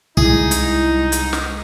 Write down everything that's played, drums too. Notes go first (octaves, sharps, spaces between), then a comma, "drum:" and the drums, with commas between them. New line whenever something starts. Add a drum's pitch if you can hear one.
C2 G#3 D#4 E4 G#4, drum: kick
drum: hi-hat
drum: hi-hat
drum: snare